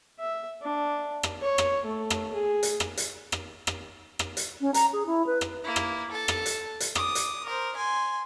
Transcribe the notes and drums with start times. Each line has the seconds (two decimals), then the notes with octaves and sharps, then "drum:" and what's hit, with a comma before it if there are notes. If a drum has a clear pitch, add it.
0.20 E5
0.62 D4
1.23 drum: rim click
1.41 C#5
1.58 drum: rim click
1.85 A3
2.10 drum: rim click
2.34 G#4
2.63 drum: hi-hat
2.80 drum: rim click
2.97 drum: hi-hat
3.32 drum: rim click
3.67 drum: rim click
4.19 drum: rim click
4.37 drum: hi-hat
4.61 C#4
4.74 A#5, drum: hi-hat
4.93 G#4
5.06 E4
5.27 B4
5.41 drum: rim click
5.64 A#3 E4
5.76 drum: rim click
6.11 A4 A5
6.28 drum: rim click
6.46 drum: hi-hat
6.80 drum: hi-hat
6.95 D6 D#6, drum: rim click
7.15 drum: hi-hat
7.45 A#4 C5
7.76 G#5 C6